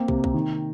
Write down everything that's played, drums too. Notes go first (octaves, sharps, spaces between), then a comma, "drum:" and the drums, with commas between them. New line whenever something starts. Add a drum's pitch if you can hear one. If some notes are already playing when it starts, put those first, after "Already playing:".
Already playing: A#3 C4 G5 A#5
C3, drum: kick
drum: kick
D#3